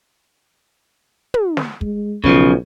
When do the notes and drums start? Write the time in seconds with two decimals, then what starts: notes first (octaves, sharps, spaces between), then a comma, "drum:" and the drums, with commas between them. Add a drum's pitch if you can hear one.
1.34 drum: tom
1.57 drum: snare
1.81 G#3, drum: kick
2.24 B1 C#3 F3, drum: kick